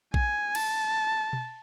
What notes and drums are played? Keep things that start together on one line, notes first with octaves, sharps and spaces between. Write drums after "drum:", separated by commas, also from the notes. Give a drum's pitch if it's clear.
G#5, drum: kick A#1
A5, drum: cymbal
drum: tom B2